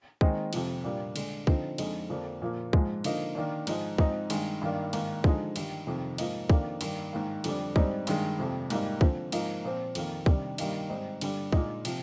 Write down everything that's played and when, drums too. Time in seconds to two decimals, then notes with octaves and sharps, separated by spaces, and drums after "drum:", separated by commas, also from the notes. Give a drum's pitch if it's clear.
0.21 D#3 G#3 C4 D#4, drum: kick
0.53 F2 C3 F3, drum: cymbal
0.84 A#2 G3 A#3 D4
1.16 D3 G#3 D4, drum: cymbal
1.47 D3 F3 C4 D#4, drum: kick
1.78 F2 D3 F3 G#3 D#4, drum: cymbal
2.10 F2 D3 F3 A#3 D4
2.42 A#2 F3 A#3
2.73 G#2 F3 G#3, drum: kick
3.04 D3 F3 A#3 D#4, drum: cymbal
3.35 D#3 A#3 D4
3.67 G#2 F3 G#3 D#4, drum: cymbal
3.98 G#2 F3 C4 D#4, drum: kick
4.30 G2 D#3 G#3, drum: cymbal
4.61 G2 D#3 A#3 D4
4.93 G#2 D#3 A#3, drum: cymbal
5.24 D3 F3 G#3 D#4, drum: kick
5.56 G2 D#3 G3, drum: cymbal
5.87 F2 C3 D#3
6.18 G#2 F3 A#3 D#4, drum: cymbal
6.50 F2 D#3 A#3 D4, drum: kick
6.81 G2 D#3 A#3 D4, drum: cymbal
7.13 G#2 D#3 A#3
7.44 F2 D3 G3 D4, drum: cymbal
7.76 G#2 G3 C4 D#4, drum: kick
8.07 G2 D#3 G#3, drum: cymbal
8.38 F2 C3 F3
8.70 G#2 G3 A#3 D#4, drum: cymbal
9.01 D3 F3 C4, drum: kick
9.32 G#2 F3 A#3 D#4, drum: cymbal
9.64 A#2 F3 C4
9.95 F2 D#3 A#3, drum: cymbal
10.26 C3 D#3 G3 D4, drum: kick
10.58 G2 D#3 G3 A#3 D#4, drum: cymbal
10.89 G#2 G3 C4 D#4
11.21 G2 D3 G3 D4, drum: cymbal
11.53 A#2 G#3 D#4, drum: kick
11.85 C3 F3, drum: cymbal